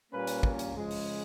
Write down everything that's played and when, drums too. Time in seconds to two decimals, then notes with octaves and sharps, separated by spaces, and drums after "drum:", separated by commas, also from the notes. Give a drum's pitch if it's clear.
0.11 A#2 G3 A#3 C#4 B4
0.27 drum: hi-hat
0.43 drum: kick
0.59 drum: hi-hat
0.75 C#3 F3 G#3
0.91 drum: open hi-hat